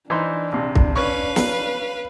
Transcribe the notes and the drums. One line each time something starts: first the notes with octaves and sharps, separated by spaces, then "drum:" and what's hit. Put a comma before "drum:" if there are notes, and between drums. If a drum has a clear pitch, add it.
E3 D4 D#4 C5
A#1 C3
drum: kick
C#4 B4 F5 C#6
drum: snare